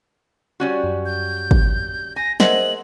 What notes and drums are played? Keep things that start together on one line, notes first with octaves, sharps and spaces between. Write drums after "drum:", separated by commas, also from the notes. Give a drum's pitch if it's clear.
G3 C#4 F#4
F#2
G6
drum: kick G#1
G#5 A#6
G#4 A#4 C5 D#5 E5 F#5 F#7, drum: snare